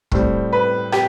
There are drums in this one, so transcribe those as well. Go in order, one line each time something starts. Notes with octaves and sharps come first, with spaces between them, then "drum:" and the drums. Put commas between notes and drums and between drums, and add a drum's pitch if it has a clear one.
A2 G3 C4, drum: kick
B4
G4, drum: rim click